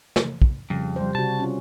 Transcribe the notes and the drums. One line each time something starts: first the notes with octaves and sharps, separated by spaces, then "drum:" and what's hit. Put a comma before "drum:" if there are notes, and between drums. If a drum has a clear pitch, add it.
drum: snare
drum: kick
F2 C#3 G3
G3 C5
C3 F#4 A5
C#4 F4